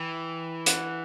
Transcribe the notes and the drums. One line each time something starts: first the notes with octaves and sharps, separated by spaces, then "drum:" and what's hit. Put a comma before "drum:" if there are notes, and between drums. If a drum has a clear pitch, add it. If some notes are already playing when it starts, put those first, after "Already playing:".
Already playing: E3 G5
F#5 F#6, drum: hi-hat